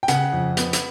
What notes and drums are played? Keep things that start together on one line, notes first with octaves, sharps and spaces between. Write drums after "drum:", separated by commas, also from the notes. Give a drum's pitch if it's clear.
G5
C#3 F#5, drum: hi-hat
F2
B3, drum: hi-hat
drum: hi-hat